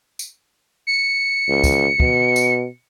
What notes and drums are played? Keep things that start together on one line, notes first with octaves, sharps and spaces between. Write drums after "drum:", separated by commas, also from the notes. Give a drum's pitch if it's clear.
drum: tambourine
C#7
C#2
drum: kick, tambourine
B2, drum: kick
drum: tambourine